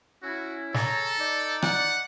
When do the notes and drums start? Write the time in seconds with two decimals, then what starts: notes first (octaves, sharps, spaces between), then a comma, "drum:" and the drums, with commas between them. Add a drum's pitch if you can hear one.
0.22 C#4 E4 F#4
0.74 G#4 A4 C#5 A#5, drum: snare
1.19 D#4 D5
1.62 F#5, drum: rim click